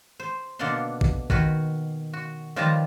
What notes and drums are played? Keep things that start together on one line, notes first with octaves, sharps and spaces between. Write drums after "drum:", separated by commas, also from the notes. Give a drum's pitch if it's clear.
C5
B2 D3 A#3 D4 F#5 C6
drum: kick A1
D#3 F#4 B4, drum: kick A1
F#4
D#3 F3 G3 B4 A5 A#5